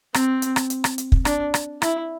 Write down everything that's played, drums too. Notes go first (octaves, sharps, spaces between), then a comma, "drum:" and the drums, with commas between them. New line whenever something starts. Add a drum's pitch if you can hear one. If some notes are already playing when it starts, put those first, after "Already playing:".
C4, drum: rim click
drum: hi-hat
drum: rim click
drum: hi-hat
drum: rim click
drum: hi-hat
drum: kick
D4, drum: rim click
drum: rim click
E4, drum: rim click